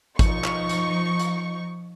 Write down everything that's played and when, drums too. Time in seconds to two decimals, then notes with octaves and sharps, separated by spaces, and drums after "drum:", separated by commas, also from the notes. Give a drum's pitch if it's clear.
0.19 F3 D#4 C#6, drum: kick G#1, hi-hat
0.44 drum: clap
0.69 drum: hi-hat
1.19 drum: hi-hat